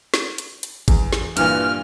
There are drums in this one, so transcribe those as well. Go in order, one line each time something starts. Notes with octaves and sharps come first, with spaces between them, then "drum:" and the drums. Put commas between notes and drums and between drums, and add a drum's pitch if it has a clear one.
drum: snare
drum: hi-hat
drum: hi-hat
E2, drum: kick G#1, hi-hat
drum: snare
G2 A#2 E3 F6, drum: hi-hat